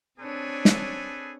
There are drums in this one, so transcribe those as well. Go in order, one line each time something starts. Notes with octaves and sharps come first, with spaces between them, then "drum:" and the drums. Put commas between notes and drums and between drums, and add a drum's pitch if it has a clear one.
C4 D4 G#4 A4 B4 C#5
drum: snare